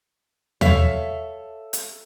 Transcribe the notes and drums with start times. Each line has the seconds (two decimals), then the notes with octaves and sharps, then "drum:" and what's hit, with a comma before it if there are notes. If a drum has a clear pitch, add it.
0.61 A4 C#5 E5 F5, drum: tom D#2
1.73 drum: hi-hat